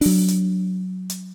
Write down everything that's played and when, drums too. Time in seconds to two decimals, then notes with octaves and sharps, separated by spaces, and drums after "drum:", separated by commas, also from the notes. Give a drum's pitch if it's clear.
0.01 F#3 D4, drum: open hi-hat
0.28 drum: hi-hat
1.10 drum: hi-hat